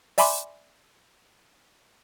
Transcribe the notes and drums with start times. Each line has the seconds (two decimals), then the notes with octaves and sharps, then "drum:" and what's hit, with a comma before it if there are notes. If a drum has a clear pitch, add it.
0.18 D5 E5 G#5 B5 C6 D6, drum: open hi-hat